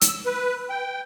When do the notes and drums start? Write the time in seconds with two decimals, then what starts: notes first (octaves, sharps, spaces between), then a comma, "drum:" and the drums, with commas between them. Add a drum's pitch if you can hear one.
0.01 E6, drum: hi-hat
0.26 B4
0.70 G5